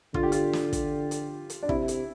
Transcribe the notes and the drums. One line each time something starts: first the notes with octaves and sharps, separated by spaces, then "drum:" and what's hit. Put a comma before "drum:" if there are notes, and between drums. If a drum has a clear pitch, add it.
D3 F4, drum: kick
G4
F4, drum: hi-hat
drum: snare
drum: kick, hi-hat
drum: hi-hat
drum: hi-hat
D4
C3 E4, drum: kick
drum: hi-hat